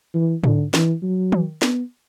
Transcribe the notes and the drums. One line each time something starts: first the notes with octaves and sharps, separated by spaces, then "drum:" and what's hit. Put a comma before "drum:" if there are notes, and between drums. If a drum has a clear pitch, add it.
E3
D3, drum: tom G#2
E3, drum: snare
F#3
drum: tom D#3
B3, drum: snare